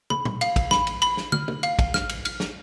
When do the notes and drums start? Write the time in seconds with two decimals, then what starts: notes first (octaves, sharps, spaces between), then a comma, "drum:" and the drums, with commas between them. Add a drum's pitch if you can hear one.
0.10 B5, drum: tom
0.25 drum: tom
0.41 F5, drum: cymbal
0.56 drum: kick, cymbal
0.71 B5, drum: snare
0.87 drum: cymbal
1.02 B5, drum: cymbal
1.17 drum: snare
1.32 F6, drum: tom
1.48 drum: tom
1.63 F5, drum: cymbal
1.79 drum: kick, cymbal
1.94 F6, drum: snare
2.09 drum: cymbal
2.25 F6, drum: cymbal
2.40 drum: snare